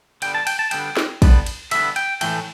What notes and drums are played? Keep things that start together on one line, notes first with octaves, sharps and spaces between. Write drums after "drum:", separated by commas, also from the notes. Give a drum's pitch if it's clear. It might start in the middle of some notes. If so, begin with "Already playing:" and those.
D3 G3 B3 G5, drum: cymbal
A5
G5, drum: cymbal
A5
D3 G3 B3 G5, drum: cymbal
drum: snare
D3 G3 B3, drum: kick, cymbal
drum: cymbal
D3 G3 B3 E5, drum: cymbal
G5, drum: cymbal
A2 E3 A3 G5, drum: cymbal